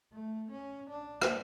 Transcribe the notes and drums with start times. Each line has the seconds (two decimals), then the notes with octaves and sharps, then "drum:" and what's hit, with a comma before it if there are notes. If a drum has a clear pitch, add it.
0.13 A3
0.51 C#4
0.90 D4
1.21 drum: rim click